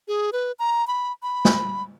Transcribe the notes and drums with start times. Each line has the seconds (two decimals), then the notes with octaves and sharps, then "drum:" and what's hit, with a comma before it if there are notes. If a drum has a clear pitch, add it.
0.08 G#4
0.33 B4
0.59 A#5
0.87 B5
1.23 B5
1.45 drum: snare